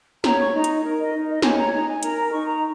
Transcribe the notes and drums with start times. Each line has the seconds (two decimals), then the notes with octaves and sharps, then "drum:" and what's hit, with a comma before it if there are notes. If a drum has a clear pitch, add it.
0.24 C#5 A#5, drum: snare
0.40 C#6
0.54 D#4 A#5
0.64 drum: hi-hat
0.84 A#4
0.99 D#5
1.13 D#4
1.29 D#5
1.42 C#5 G#5, drum: snare
1.58 A#5
1.73 D#4 A#5
1.88 G#5
2.03 A#4 A#5, drum: hi-hat
2.17 A#5
2.32 D#4 C#6
2.46 A#5